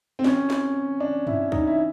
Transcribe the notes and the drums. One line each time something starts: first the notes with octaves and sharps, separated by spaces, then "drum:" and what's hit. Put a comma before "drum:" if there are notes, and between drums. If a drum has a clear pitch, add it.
C4
C#4, drum: snare
drum: snare
D4
E4, drum: tom G2
D#4, drum: kick
E4